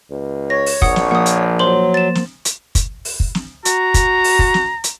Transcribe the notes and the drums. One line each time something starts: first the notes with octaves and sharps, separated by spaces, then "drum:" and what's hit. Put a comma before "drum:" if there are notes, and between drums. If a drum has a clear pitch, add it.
C#2
C#5 A#6
drum: open hi-hat
A#1 F#5 D#6 C#7, drum: kick
drum: snare
F3 A#3 F#5 D#6
drum: hi-hat
F#3 C5 C6 F#7
A6 E7
drum: snare
drum: hi-hat
drum: kick, hi-hat
drum: open hi-hat
drum: kick
drum: snare
F#4 A#5, drum: hi-hat
drum: kick, hi-hat
drum: open hi-hat
drum: kick
drum: snare
drum: hi-hat